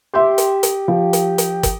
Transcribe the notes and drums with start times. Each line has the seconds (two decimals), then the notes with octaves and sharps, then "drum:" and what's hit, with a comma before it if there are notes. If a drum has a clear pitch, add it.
0.14 G4 E5 C6
0.38 drum: hi-hat
0.63 drum: hi-hat
0.88 F3
1.13 drum: hi-hat
1.38 drum: hi-hat
1.63 drum: kick, hi-hat